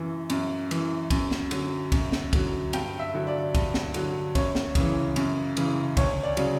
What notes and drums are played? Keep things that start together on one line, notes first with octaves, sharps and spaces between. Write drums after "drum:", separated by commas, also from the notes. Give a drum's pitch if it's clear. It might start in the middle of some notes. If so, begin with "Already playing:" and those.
Already playing: F#2 E3
F#2, drum: cymbal
E3, drum: cymbal
F#2, drum: kick, cymbal
drum: snare
D3 F#3, drum: cymbal
F#2, drum: kick, cymbal
drum: snare
D3 F#3, drum: kick, cymbal
G2 G5, drum: cymbal
E5
D3 F#3
D5
G2, drum: kick, cymbal
drum: snare
D3 F#3, drum: cymbal
F#2 C#5, drum: kick, cymbal
drum: snare
C#3 E3, drum: kick, cymbal
F#2, drum: cymbal
C#3 E3, drum: cymbal
D2 C#5, drum: kick, cymbal
D5
C#3 F#3, drum: cymbal